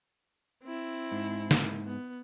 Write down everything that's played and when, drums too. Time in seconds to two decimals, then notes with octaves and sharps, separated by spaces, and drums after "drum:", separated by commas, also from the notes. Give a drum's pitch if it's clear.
0.64 C4 E4
1.12 G#2
1.51 drum: snare
1.85 B3